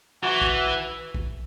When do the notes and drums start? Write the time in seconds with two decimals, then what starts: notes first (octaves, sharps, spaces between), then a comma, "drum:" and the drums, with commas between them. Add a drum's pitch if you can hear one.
0.23 E3 F#4
0.41 drum: kick
1.15 drum: kick